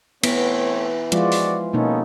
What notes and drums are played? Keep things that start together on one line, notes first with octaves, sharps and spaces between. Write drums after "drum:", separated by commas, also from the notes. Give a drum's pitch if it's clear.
E3 A3 B3 C4 C#5, drum: cymbal
F3 G#3 F4 F#4 D5, drum: hi-hat
drum: open hi-hat
B2 A#3 B3 C#4 D#4 A4